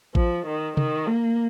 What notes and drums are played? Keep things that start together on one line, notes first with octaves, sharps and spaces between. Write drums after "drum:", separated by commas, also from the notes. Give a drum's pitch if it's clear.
F3, drum: kick A1
D#3
D#3, drum: tom C3
A#3